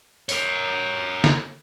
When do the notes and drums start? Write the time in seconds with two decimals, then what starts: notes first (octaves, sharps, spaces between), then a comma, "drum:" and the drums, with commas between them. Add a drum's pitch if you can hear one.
0.29 A#4 C#5, drum: open hi-hat
1.24 drum: snare